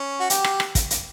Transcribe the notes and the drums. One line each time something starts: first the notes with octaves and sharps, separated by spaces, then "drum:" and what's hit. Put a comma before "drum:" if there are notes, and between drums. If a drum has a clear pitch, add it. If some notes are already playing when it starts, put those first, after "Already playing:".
Already playing: C#4
F#4
G4, drum: hi-hat
drum: rim click
drum: rim click
drum: kick, hi-hat
drum: hi-hat